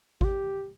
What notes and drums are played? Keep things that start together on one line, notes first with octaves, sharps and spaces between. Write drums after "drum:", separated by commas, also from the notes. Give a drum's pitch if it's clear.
F4, drum: kick G#1
G4